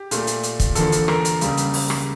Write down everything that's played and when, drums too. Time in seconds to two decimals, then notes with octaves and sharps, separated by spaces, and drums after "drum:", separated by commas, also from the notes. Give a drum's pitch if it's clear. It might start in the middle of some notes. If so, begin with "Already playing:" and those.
Already playing: G4
0.11 A#2 A3, drum: hi-hat
0.27 drum: hi-hat
0.43 drum: hi-hat
0.60 drum: kick, hi-hat
0.75 E2 D3 F3 A#3 A4, drum: hi-hat
0.92 drum: hi-hat
1.08 A#4, drum: rim click
1.25 drum: hi-hat
1.41 C#2 C#3 G3 A#3, drum: hi-hat
1.57 drum: hi-hat
1.74 drum: open hi-hat
1.90 drum: rim click